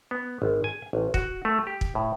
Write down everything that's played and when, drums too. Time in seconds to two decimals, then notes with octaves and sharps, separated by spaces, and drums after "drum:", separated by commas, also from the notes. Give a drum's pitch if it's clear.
0.11 B3
0.42 G#1
0.64 G#5
0.93 A1
1.14 F#4, drum: kick
1.45 A3
1.67 G4
1.81 drum: kick
1.95 A2